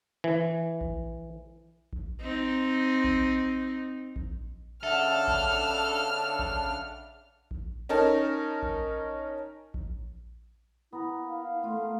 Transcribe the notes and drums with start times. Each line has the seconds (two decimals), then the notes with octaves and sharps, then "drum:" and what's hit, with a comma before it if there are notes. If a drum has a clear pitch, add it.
0.24 E3
0.81 drum: kick A#1
1.93 drum: kick A#1
2.21 C4 D#4
3.04 drum: kick A#1
4.16 drum: kick A#1
4.83 C#3 D4 A4 E5 F#5 F6
5.28 drum: kick A#1
6.39 drum: kick A#1
7.51 drum: kick A#1
7.89 C#4 D#4 A#4 A5
8.63 drum: kick A#1
9.74 drum: kick A#1
10.93 B3 E4 A#4
11.29 F5
11.64 A3 F4